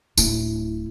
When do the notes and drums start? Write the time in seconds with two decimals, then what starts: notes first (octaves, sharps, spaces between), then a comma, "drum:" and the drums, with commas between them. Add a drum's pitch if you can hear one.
0.18 D1 E4, drum: tambourine